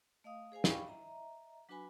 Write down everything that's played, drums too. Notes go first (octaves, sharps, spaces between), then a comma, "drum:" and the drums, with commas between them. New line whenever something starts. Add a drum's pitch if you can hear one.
A3 D#5 F5 D#6
G#4 C5 F5 G#5
D4 G4 F5 G5 B5 C#6, drum: snare
D#5 E5 A#5
F#3 D4 F#4 B4 G#5 B5